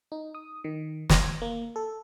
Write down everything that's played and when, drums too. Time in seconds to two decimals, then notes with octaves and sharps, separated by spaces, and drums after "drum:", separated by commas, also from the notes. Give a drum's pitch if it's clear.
0.12 D#4
0.35 D#6
0.64 D#3
1.10 G#6, drum: snare
1.42 A#3
1.76 A4